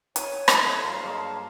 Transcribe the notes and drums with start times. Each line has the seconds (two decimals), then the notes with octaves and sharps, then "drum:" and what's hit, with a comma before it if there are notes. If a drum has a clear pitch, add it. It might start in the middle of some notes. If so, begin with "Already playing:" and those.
0.16 C#5 G#5 D#7, drum: hi-hat
0.48 drum: rim click
0.60 E4 A4 C#5 A5 C6 C#6
0.83 G2 F#3 A#4 F5
1.03 G#3 A#3 C#6